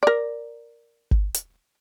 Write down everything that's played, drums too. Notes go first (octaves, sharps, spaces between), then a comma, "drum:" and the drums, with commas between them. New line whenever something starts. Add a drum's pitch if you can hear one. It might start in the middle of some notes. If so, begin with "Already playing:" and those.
A#4 D5
drum: kick G#1
drum: hi-hat